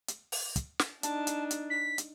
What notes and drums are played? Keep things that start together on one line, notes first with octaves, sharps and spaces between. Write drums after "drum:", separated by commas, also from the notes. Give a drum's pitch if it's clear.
drum: hi-hat
drum: open hi-hat
drum: kick, hi-hat
drum: snare
D4 D#4 A5, drum: hi-hat
drum: hi-hat
drum: hi-hat
B6
drum: hi-hat